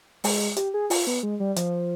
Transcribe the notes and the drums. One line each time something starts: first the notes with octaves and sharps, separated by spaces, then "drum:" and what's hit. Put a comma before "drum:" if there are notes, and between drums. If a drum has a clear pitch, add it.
G#3, drum: open hi-hat
G4, drum: hi-hat
G#4
F4, drum: open hi-hat
B3
G#3
G3
F3, drum: hi-hat